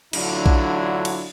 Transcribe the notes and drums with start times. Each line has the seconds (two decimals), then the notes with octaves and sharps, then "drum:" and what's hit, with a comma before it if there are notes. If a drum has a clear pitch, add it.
0.13 A1 D3 F#3 D4 E4 F4, drum: cymbal
0.46 drum: kick A#1
1.05 drum: cymbal